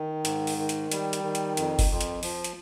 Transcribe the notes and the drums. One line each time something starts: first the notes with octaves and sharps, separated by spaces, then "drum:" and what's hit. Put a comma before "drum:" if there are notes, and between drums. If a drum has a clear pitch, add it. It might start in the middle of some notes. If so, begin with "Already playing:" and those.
Already playing: D#3
G#2, drum: hi-hat
drum: open hi-hat
D#3
drum: hi-hat
G3, drum: hi-hat
drum: hi-hat
D#3
drum: hi-hat
F2, drum: hi-hat
drum: kick F#1, open hi-hat
F2
drum: hi-hat
F3, drum: open hi-hat
drum: hi-hat